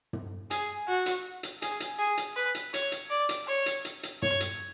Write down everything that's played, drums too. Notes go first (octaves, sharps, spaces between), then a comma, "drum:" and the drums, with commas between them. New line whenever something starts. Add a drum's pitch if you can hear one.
drum: tom
G#4, drum: hi-hat
F#4
drum: hi-hat
drum: hi-hat
G#4, drum: hi-hat
drum: hi-hat
G#4
drum: hi-hat
B4
drum: hi-hat
C#5, drum: hi-hat
drum: hi-hat
D5
drum: hi-hat
C#5
drum: hi-hat
drum: hi-hat
drum: hi-hat
C#5, drum: tom
drum: hi-hat